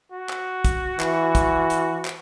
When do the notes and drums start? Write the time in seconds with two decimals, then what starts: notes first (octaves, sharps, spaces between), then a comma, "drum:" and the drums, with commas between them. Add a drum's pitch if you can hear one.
0.12 F#4
0.29 drum: clap
0.65 drum: kick, hi-hat
1.00 E3, drum: clap
1.35 drum: kick, hi-hat
1.70 drum: hi-hat
2.05 drum: clap